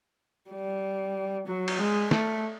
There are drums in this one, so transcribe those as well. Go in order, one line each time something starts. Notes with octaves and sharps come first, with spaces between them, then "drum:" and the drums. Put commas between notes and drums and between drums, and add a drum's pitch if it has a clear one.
G3
F#3
drum: cymbal
G#3
A3, drum: snare